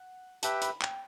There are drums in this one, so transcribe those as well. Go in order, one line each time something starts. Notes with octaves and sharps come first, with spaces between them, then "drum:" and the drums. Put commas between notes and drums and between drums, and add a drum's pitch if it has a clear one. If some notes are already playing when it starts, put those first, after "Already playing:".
Already playing: F#5
G4 B4 E5 G5 A5, drum: hi-hat
B5, drum: hi-hat
G5, drum: clap